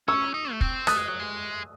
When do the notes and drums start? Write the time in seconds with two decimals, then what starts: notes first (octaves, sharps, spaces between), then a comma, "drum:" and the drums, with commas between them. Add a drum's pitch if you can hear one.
0.08 C#4 C#6 E6
0.34 D#4
0.51 A3
0.61 C4, drum: kick
0.87 A3 D#6 F#6, drum: rim click
0.98 G#3
1.08 F#3
1.19 G#3